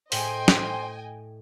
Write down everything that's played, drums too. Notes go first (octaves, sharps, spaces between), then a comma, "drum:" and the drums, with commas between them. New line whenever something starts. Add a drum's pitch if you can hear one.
A2 C5 D#5 G5 G#5, drum: open hi-hat
drum: snare